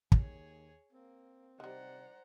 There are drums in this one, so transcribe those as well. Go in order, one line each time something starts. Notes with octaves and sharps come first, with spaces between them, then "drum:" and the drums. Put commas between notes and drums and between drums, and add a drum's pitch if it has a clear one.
D#2 G#4 C#5, drum: kick
A#3 C4
C3 D#3 G3 C5 D5 F#5 A#5